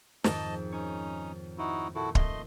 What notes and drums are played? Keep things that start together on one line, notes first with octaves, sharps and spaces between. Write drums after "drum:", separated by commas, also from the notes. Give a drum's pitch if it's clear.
F2 G#2 D#3 D#5 A5, drum: snare
C#4 D#4 C#5
D#4 E4 F#4
A#2 E4 F#4 A4
A3 D#5 C6, drum: kick